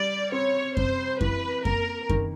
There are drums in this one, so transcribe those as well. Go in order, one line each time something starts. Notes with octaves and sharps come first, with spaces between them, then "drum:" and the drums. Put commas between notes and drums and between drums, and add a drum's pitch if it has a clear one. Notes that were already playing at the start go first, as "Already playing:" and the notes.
Already playing: G3 D5
C4 C#5
C3 C5, drum: kick F#2
E3 B4, drum: kick F#2
A#3 A#4, drum: kick F#2
D#3, drum: kick F#2